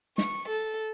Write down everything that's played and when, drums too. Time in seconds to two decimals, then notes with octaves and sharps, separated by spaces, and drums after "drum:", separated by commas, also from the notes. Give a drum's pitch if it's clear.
0.18 C#6, drum: snare
0.49 A4